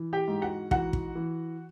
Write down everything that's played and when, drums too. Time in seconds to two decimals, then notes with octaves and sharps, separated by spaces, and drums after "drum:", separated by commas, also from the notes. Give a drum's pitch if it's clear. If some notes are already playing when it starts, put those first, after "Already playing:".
Already playing: E3
0.13 G4 G5
0.28 G#2
0.42 F#4 F#5
0.71 E3 F#4 F#5, drum: kick
0.93 drum: kick
1.15 E3